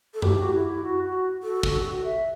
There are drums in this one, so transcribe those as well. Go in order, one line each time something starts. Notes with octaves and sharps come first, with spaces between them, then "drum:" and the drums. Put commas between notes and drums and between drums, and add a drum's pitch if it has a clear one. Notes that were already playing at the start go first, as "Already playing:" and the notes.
A4
F#4 G4, drum: tom F#2
E4
F#4
E4
F#4
F#4
F#4 A4
F#4, drum: kick
G4
F#4
E5